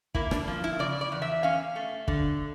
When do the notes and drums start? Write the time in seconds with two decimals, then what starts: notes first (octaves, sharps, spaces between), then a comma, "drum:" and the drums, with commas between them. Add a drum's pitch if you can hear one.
0.15 A#3 E4, drum: kick
0.31 D4, drum: rim click
0.48 F3
0.64 E4
0.79 C#3 D5
1.01 D5
1.12 E2
1.22 E5
1.43 C#4 F5
1.76 A3
2.08 D3, drum: kick